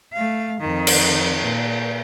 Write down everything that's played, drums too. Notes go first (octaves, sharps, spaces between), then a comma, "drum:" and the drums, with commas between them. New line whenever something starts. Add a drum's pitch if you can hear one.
A3 F5
F2 D#3
drum: cymbal
A#2